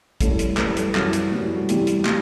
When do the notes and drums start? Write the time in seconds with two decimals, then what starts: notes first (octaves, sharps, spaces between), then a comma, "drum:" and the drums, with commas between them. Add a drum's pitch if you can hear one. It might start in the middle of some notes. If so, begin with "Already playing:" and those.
0.21 F#2 E3 G3 A4, drum: kick, hi-hat
0.39 A4, drum: hi-hat
0.57 F#2 E3 G3 B4, drum: clap
0.77 A4, drum: hi-hat
0.95 F#2 E3 G3 F#4, drum: clap
1.13 drum: hi-hat
1.32 F#2 E3 G3
1.56 F#4
1.69 E2 C3 E3 G3 G4, drum: hi-hat
1.87 drum: hi-hat
2.05 C3 E3 G3, drum: clap